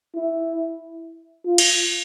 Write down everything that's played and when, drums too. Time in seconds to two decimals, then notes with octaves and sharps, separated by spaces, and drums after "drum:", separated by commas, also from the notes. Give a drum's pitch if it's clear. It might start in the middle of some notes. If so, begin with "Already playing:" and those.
0.16 E4
1.46 F4
1.58 drum: cymbal